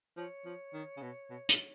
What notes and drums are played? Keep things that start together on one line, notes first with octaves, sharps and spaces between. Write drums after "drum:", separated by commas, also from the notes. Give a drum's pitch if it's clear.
F3 C#5
F3
D#3
C#3
B2
B2
A#2, drum: hi-hat